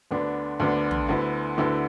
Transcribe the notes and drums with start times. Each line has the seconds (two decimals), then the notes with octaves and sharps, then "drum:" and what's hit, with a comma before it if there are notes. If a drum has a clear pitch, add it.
0.11 D2 D3 B3 D4
0.60 D2 D3 B3 D4
0.91 drum: tom
1.09 D2 D3 B3 E4
1.58 D2 D3 B3 E4